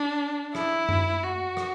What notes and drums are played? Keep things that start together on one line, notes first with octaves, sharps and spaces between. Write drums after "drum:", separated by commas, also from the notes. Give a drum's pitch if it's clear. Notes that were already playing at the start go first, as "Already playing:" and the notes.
Already playing: D4
E4, drum: rim click
drum: tom F#2
F#4
drum: rim click